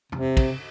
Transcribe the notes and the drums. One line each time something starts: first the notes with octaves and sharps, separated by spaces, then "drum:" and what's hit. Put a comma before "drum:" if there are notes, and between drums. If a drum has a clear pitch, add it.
C3, drum: tom
drum: kick, cymbal